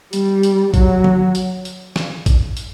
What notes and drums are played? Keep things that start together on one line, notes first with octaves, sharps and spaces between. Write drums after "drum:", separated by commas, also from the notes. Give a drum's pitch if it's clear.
G3, drum: hi-hat
drum: hi-hat
F#3, drum: kick A1, hi-hat
drum: tom
drum: hi-hat
drum: hi-hat
drum: snare
drum: kick A1, hi-hat
drum: hi-hat